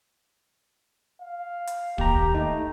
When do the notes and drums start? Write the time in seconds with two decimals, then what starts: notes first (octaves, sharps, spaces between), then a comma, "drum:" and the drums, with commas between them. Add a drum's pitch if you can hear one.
1.21 F5
1.67 drum: hi-hat
1.98 D#2 G4 A#5, drum: kick
2.35 A3 D#4